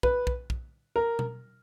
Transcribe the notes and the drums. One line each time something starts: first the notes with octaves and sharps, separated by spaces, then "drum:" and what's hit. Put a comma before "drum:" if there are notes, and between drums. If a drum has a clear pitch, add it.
B4, drum: kick
drum: kick
drum: kick
A#4
drum: tom B2